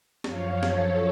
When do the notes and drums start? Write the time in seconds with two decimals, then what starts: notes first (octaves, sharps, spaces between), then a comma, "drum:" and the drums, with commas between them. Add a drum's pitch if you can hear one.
0.24 F#2 F3 C#5 F5, drum: snare
0.63 F#2 F3 A4 C#5, drum: snare